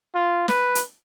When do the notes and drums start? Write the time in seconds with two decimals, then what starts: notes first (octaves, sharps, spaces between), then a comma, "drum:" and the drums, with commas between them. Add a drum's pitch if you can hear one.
0.15 F4
0.48 B4, drum: snare
0.75 drum: hi-hat